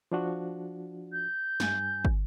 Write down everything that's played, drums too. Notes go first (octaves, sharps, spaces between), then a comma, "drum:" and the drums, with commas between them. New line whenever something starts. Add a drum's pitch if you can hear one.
F3 D4 F#4
G6
G2 G#5, drum: snare
drum: kick